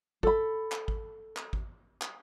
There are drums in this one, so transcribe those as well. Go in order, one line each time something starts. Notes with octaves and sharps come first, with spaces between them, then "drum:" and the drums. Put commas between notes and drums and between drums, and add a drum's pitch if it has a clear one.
A4 B5, drum: kick G#1
drum: clap
drum: kick G#1
drum: clap
drum: kick G#1
drum: clap